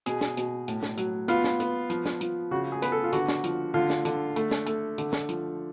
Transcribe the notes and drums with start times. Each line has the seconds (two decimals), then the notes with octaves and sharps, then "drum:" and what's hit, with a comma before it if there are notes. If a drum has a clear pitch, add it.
0.06 B2 G#4, drum: hi-hat
0.21 drum: snare
0.37 B2, drum: hi-hat
0.68 A2, drum: hi-hat
0.83 drum: snare
0.97 F#3, drum: hi-hat
1.28 B3 F4, drum: hi-hat
1.44 drum: snare
1.60 B3, drum: hi-hat
1.90 F3, drum: hi-hat
2.06 drum: snare
2.21 F3, drum: hi-hat
2.51 C#3 F#4
2.72 G#4
2.82 B3 B4, drum: hi-hat
2.92 A4
3.04 F4
3.12 D3 F#4, drum: hi-hat
3.28 drum: snare
3.44 F3, drum: hi-hat
3.74 D3 F4
3.90 drum: snare
4.05 D3, drum: hi-hat
4.36 A3, drum: hi-hat
4.51 drum: snare
4.66 A3, drum: hi-hat
4.98 D3, drum: hi-hat
5.13 drum: snare
5.29 F3, drum: hi-hat